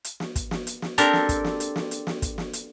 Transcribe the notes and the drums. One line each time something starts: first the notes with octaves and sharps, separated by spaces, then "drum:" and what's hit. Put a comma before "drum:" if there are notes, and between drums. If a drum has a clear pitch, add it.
drum: hi-hat
drum: snare
drum: kick, hi-hat
drum: snare
drum: hi-hat
drum: snare
C4 D4 G4 A4 A#4, drum: hi-hat
drum: snare
drum: kick, hi-hat
drum: snare
drum: hi-hat
drum: snare
drum: hi-hat
drum: snare
drum: kick, hi-hat
drum: snare
drum: hi-hat